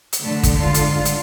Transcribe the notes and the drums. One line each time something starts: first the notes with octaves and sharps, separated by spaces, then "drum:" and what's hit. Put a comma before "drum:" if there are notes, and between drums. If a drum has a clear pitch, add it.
drum: hi-hat
D3 A3
drum: kick, hi-hat
G#2 F4
drum: hi-hat
drum: hi-hat